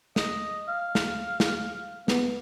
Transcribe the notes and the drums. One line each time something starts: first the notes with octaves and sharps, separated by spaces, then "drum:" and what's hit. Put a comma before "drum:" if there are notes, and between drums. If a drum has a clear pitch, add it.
D#5, drum: snare
F5
drum: snare
drum: snare
B3, drum: snare